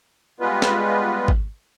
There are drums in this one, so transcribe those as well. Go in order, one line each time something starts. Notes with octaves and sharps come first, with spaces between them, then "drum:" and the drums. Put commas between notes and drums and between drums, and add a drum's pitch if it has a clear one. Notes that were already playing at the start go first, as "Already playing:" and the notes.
G3 G#3 B3 F4 B4
drum: snare
drum: kick